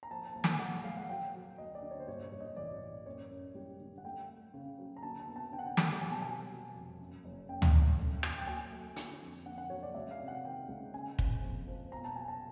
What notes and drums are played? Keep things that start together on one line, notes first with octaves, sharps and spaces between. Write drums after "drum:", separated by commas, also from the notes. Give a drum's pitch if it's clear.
A#5
F3 A5
A5
A#1
G#5, drum: snare
G#3 F#5
G#3 F5
F#5
F#3 G5
F#3
D2 D#5
D5
D3
C#5
C5
G2 C#5
C#5
G2
D#5
A1 D5
A1
F#2 C#5
F#2
G3
D3
F#5
A3 G5
A3
C#3
F#3
A#5
D3 A5
A5
B3
A5
D3 G5
F#5
G5
G3, drum: snare
B2 G#5
A5
F#3 G#5
F#3
F1
F#2
F#1
F#2 G5
drum: tom
F#2
A3
F#3, drum: rim click
G5
F#3 G#5
A3
D3, drum: hi-hat
F2
D3 F#5
F#5
F#3 C#5
D5
C#2 E5
F5
C3
F#5
D#3 G5
C#2
C#3 G#5
F3, drum: kick
F2
F3
B2 A#5
A5
F#3 G#5
A5